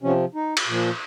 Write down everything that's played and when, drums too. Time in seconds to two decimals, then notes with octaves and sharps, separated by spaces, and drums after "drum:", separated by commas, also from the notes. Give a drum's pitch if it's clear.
0.02 C3 F3 C#4
0.35 D#4
0.57 drum: cymbal
0.68 A#2 F3